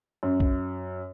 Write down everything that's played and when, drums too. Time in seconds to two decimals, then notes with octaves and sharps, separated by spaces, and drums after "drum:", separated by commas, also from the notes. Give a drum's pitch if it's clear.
0.23 F#2
0.40 drum: kick B1